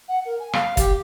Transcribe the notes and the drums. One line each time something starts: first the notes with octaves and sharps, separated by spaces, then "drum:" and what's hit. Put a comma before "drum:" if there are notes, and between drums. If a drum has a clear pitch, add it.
F#5
A#4
G#5
F5, drum: rim click
G4, drum: kick, hi-hat